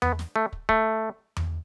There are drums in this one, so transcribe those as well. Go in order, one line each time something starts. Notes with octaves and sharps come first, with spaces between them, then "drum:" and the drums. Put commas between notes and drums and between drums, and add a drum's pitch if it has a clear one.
B3, drum: tom E2
drum: snare
A3
drum: kick
A3, drum: kick
drum: tom E2